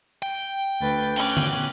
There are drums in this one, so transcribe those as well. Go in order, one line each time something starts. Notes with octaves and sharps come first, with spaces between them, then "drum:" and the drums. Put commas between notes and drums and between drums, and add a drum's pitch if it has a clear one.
G5
D2 B4 A6
C#4 D6 F#6, drum: cymbal
drum: tom